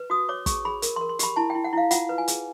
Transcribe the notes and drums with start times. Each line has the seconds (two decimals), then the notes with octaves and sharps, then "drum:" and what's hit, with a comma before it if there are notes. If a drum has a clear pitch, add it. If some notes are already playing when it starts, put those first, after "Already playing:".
Already playing: B4
0.10 F#4 D#6
0.29 C#5 D6
0.46 G#4 C#6, drum: kick, hi-hat
0.65 G#4 B5
0.82 A#4, drum: hi-hat
0.96 C6
1.01 A#4
1.09 C6
1.19 G4 B5, drum: hi-hat
1.36 E4 A5
1.50 E4 G5
1.64 F#5
1.73 E4 F5
1.91 F4 F#5, drum: hi-hat
2.09 B4
2.18 G#5
2.28 G#4, drum: hi-hat